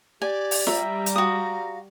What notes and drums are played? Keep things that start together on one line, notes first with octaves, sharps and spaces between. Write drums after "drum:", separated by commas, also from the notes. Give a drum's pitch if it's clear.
G4 D5 G#5
drum: open hi-hat
G3 E5 A#5, drum: snare F4
drum: hi-hat
F#4 F5 D#6